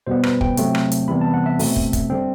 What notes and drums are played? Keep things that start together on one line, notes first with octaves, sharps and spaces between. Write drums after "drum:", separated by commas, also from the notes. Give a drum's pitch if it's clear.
B2 G3 B3 C5
B4, drum: rim click
G5, drum: kick
C3 F#3 A3 C4, drum: hi-hat
drum: rim click
drum: hi-hat
C3 E3 G3 B3 B5
A5
F#5
E5
B2 A3 C4, drum: open hi-hat
drum: kick
drum: kick, hi-hat
D3 G3 C4